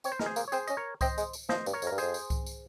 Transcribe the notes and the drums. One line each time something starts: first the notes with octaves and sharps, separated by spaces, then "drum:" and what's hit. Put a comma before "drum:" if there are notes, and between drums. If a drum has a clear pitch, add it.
C4 C#5, drum: tambourine
C5
G#3 A#4, drum: snare
G#4 C5
A#3, drum: tambourine
C#5
C4 G#4 C5, drum: tambourine
C#4 D#5, drum: tambourine
A#4 C#5
C4 C5 D#5, drum: kick C2, tambourine
G#3, drum: tambourine
drum: tambourine
F3 C5 D#5, drum: snare
G2, drum: tambourine
A#4 C#5
F2, drum: tambourine
G2 A#4
F2 G#4 C5, drum: tambourine
drum: tambourine
drum: kick C2, tambourine
drum: tambourine